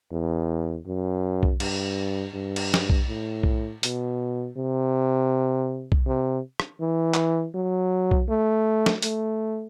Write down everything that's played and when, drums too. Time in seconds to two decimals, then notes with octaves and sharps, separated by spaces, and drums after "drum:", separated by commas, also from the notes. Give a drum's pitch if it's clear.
0.11 E2
0.86 F#2
1.43 drum: kick B1
1.60 G2, drum: cymbal
2.34 G2
2.56 drum: cymbal
2.74 drum: snare
2.90 drum: kick B1
3.08 A2
3.43 drum: kick B1
3.83 B2, drum: hi-hat
4.57 C3
5.92 drum: kick B1
6.06 C3
6.60 drum: rim click
6.81 E3
7.14 drum: clap
7.54 F#3
8.11 drum: kick B1
8.29 A3
8.86 drum: snare
9.02 A3, drum: hi-hat